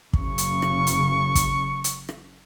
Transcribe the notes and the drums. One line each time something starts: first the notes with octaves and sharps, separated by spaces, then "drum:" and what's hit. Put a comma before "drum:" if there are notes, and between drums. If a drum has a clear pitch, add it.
F#1 C#3 C#6, drum: kick
drum: hi-hat
drum: rim click
drum: hi-hat
drum: kick, hi-hat
drum: hi-hat
drum: rim click